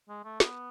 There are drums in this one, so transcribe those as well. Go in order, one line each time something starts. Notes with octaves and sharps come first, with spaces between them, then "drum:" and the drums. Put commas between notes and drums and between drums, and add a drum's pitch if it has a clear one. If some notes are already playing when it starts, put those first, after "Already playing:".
G#3
A3
B3, drum: snare